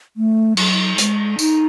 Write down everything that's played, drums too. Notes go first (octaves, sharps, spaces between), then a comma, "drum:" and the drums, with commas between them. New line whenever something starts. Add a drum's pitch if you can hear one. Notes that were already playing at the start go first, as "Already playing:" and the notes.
A3
F#3, drum: cymbal
G#3, drum: hi-hat
D#4, drum: tambourine